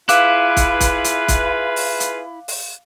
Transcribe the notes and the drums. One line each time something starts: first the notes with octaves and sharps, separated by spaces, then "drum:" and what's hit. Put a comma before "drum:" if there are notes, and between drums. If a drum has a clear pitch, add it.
E4 F4 G#4 B4 F5 D6 F#6, drum: hi-hat
drum: kick, hi-hat
drum: kick, hi-hat
drum: hi-hat
drum: kick, hi-hat
drum: open hi-hat
drum: hi-hat
drum: open hi-hat